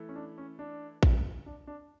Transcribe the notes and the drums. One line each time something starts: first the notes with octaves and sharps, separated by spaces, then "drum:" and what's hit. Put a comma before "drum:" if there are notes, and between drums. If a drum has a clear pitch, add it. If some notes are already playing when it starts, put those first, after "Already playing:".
Already playing: E3 A3 E4 A4
C#4
D4
C#4
D4
drum: kick A#1
D4
D4